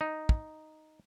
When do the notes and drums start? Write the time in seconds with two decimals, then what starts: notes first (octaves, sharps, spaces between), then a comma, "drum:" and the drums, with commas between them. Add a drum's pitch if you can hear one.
0.01 D#4
0.29 drum: kick